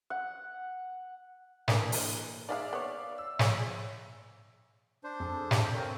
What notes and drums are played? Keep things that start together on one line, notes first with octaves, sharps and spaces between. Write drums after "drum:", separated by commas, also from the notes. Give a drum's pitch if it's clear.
F#5
E3 A#3 B3 D4 B4, drum: snare
drum: open hi-hat
G#3 A#3 D#4 D5 E5 F5
B3 C#5
E6
A#1 G#4 C#5, drum: snare
D4 C5
F2 C4 G#4 A4
C3 G4 E5, drum: snare
C4 A#4 C#5 F5